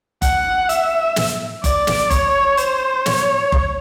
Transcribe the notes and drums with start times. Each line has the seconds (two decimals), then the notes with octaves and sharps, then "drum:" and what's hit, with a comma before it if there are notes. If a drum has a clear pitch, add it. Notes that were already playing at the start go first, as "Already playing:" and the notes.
0.22 F#5, drum: kick F#1, hi-hat
0.69 E5, drum: hi-hat
1.16 drum: snare
1.64 D5, drum: kick F#1, hi-hat
1.87 drum: snare
2.10 C#5, drum: kick F#1, hi-hat
2.57 C5, drum: hi-hat
3.06 C#5, drum: snare
3.52 drum: kick F#1